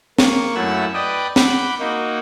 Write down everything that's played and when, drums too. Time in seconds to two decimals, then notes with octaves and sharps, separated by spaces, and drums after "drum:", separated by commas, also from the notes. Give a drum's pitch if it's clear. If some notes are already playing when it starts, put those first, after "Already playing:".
0.18 A#3 C#6, drum: snare
0.55 F#2 A3 E4 F#5 E6
0.94 B4 D5 D#5 G5 D#6
1.36 F#5 B5 D6 G6, drum: snare
1.80 A#3 D#4 F#4